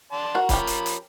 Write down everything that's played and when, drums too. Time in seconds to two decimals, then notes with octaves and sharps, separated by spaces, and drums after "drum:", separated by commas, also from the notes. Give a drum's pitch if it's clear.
0.12 D5 A5 C6
0.35 F#4 A#4
0.49 F3 C#4 G4 A#4 B5, drum: kick C#1, hi-hat
0.67 drum: hi-hat
0.86 drum: hi-hat